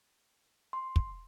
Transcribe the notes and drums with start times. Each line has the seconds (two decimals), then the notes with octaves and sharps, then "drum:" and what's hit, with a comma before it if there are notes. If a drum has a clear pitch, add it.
0.73 C6
0.96 drum: kick